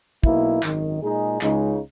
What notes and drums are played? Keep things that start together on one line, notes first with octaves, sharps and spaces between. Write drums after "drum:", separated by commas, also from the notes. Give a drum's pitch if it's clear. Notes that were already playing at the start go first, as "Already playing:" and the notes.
B1 B2 A#3 E4, drum: kick
G#1 F#2 D#3, drum: clap
A#2 G#3 D#4 G#4
C#2 C#3 G#3 D#4, drum: clap